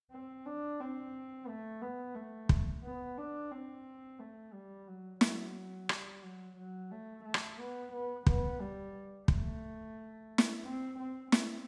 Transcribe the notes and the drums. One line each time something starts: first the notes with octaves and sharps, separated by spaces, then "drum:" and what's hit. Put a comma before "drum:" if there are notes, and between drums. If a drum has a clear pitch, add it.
C4
D4
C4
A3
B3
A3
drum: kick
B3
D4
C4
A3
G3
F#3
F#3, drum: snare
G3, drum: rim click
F#3
F#3
A3
A3
drum: rim click
B3
B3
B3, drum: kick
G3
A3, drum: kick
drum: snare
C4
C4
C4, drum: snare